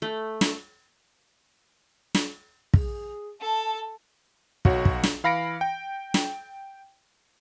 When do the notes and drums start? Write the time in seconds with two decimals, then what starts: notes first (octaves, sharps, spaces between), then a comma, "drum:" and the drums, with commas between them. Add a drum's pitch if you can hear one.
0.02 A3
0.41 drum: snare
2.15 drum: snare
2.74 G#4, drum: kick
3.40 A4 A5
4.65 B1 F#4 C#5, drum: kick
4.85 drum: kick
5.03 drum: snare
5.24 E3 F5 B5 A#6 C#7 D7
5.61 G5
6.14 drum: snare